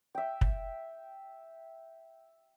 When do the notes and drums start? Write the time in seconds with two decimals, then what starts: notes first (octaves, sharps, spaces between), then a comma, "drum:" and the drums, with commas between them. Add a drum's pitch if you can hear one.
0.15 E5 G5
0.41 drum: kick